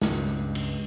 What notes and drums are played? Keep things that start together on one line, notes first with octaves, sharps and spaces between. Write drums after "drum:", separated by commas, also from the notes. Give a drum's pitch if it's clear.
C#2 G2, drum: snare
drum: cymbal